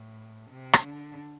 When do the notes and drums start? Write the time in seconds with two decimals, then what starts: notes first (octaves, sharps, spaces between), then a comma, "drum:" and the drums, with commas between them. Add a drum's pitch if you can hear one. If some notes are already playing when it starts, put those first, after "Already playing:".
Already playing: A2
0.50 C3
0.73 drum: rim click
0.85 D3